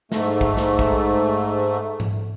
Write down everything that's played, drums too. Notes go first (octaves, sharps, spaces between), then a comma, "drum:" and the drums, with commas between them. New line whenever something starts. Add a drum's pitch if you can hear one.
G#2 A3, drum: snare
drum: kick
drum: snare
drum: kick
drum: tom G#2